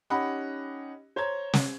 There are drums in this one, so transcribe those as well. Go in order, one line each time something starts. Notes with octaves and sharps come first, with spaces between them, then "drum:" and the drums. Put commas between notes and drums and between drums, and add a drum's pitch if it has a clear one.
C#4 D#4 G4 D#5 F#5 B5
C5 C#5 A#5 G#6
drum: snare